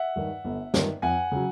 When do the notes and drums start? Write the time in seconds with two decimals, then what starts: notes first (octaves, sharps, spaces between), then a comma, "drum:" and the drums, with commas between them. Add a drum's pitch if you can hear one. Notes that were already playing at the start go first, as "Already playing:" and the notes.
Already playing: E5 F#5
0.16 G2 D#3
0.45 G1
0.74 G2 D#3, drum: snare
1.02 F2 F#5 G#5
1.32 C#3 F#3